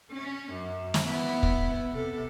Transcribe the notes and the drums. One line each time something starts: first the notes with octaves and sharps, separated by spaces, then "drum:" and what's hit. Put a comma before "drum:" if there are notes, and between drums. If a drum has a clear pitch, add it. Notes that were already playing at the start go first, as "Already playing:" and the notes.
C#4
F#2
drum: snare
B3 E4
drum: kick
C3 A4